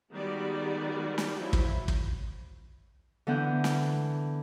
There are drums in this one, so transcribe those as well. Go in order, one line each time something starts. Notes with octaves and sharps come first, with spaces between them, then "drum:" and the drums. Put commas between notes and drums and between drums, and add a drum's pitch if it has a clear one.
D#3 G3 G#3 B3 F#4 D5
drum: snare
F3 F#3 E4
drum: kick
drum: kick
D3 E3 B3 F#5 G6
drum: snare